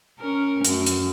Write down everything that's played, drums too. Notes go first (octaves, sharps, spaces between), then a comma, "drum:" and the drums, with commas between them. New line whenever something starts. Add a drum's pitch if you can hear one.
C#4 A#4
F#2 A3, drum: hi-hat
drum: hi-hat